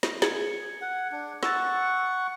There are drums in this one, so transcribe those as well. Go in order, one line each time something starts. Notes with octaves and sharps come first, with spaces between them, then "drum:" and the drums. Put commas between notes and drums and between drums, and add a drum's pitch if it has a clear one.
drum: snare
G#4 G#6 C#7, drum: snare
F#5
D4
F#5 C#6 E6 A6, drum: snare